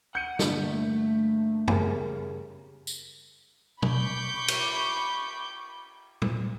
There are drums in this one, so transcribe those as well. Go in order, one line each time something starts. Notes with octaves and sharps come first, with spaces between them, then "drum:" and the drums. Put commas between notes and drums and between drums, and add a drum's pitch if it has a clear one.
F#5 G6 C#7 D#7
G2 D3 A3 A#3, drum: snare
C#3 G3 A#4, drum: tom
drum: tambourine
B5 C#6 D6 G6, drum: tom B2
drum: cymbal
drum: tom A#2